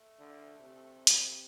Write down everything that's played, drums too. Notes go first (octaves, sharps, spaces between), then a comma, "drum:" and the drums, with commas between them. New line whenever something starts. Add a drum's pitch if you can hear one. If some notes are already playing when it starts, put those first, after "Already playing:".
Already playing: A3
D3
C3
drum: hi-hat